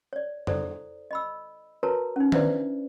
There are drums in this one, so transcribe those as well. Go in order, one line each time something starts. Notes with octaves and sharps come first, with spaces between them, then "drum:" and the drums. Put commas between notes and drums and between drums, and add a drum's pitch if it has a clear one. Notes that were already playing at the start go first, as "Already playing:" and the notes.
C#5 D5
E4 A4 C5 D5, drum: tom F2
D#5 B5 E6
F#4 A#4 B4 C#5 A5 A#5
C#4 D#4
D4 E4 B4 C5 D5 E5, drum: tom D#3